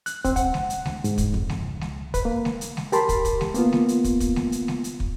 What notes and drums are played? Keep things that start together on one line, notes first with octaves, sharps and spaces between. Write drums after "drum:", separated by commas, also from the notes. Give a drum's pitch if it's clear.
F#6, drum: hi-hat
C4, drum: kick, hi-hat
F#5, drum: kick, hi-hat
drum: snare G#3
drum: hi-hat
D2, drum: snare G#3
G#2, drum: hi-hat
drum: kick, hi-hat
F2, drum: kick
drum: snare G#3
C#2
drum: snare G#3
B4, drum: kick, hi-hat
A#3
drum: snare G#3
drum: hi-hat
drum: snare G#3
G4 A#4 A5 B5 C6, drum: hi-hat
drum: kick, hi-hat
drum: kick, hi-hat
drum: snare G#3
A#3 B3 F4, drum: hi-hat
drum: snare G#3
drum: hi-hat
drum: kick, hi-hat
drum: kick, hi-hat
drum: snare G#3
drum: hi-hat
drum: snare G#3
drum: hi-hat
drum: kick